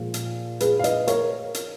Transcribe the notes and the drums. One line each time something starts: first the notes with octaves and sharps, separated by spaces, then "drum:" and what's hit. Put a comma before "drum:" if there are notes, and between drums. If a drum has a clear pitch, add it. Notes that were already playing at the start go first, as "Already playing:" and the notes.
Already playing: A#2 F3 G#3
drum: hi-hat
G#4 B4, drum: hi-hat
F5
B4 D#5, drum: hi-hat
A#4 C#5, drum: hi-hat
drum: hi-hat